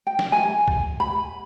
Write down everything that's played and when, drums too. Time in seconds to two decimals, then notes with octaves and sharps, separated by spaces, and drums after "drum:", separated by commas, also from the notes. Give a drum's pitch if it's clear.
0.07 G5
0.19 drum: snare
0.32 G#5
0.68 drum: kick C2
1.00 B5